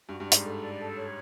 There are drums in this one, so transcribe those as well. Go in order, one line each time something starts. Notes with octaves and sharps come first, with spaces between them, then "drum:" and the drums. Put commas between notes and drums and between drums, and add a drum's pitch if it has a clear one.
G2 F#4
G2
D5
G#2, drum: hi-hat
A4
D5
A4
C#5